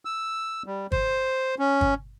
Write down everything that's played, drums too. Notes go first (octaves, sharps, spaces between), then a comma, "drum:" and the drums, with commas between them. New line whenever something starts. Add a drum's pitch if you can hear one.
E6
G3
C5, drum: kick G1
C#4
drum: kick G1